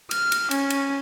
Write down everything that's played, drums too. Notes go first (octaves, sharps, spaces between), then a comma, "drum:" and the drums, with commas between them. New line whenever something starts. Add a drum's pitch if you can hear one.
F6, drum: cymbal
drum: cymbal
C#4, drum: cymbal
drum: cymbal